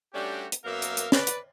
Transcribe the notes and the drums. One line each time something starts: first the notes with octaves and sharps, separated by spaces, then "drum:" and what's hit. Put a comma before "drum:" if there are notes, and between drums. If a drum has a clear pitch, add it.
G3 A3 C#4 D4 F#4 G4
drum: hi-hat
F#2 A#3 B3 A#4 E5 F5
drum: hi-hat
drum: hi-hat
B4 D5, drum: snare
drum: hi-hat